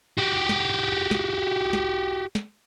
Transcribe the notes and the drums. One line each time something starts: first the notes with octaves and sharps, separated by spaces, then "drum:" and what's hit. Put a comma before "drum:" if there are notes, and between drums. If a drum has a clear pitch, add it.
F#4 G4
drum: snare
drum: snare
drum: snare
drum: snare